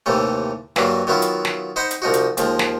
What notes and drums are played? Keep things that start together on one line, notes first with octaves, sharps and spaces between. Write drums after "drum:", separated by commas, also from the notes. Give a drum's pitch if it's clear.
D#2 A2 C3 E3 A3
G2 E3 F#3 A#3, drum: snare
D#3 F#3 B3 E4 F4
drum: hi-hat
drum: snare
D#4 C5 F#5 B5
drum: hi-hat
C2 F3 D#4 F#4
drum: hi-hat
D#2 F3 G#3, drum: hi-hat
drum: snare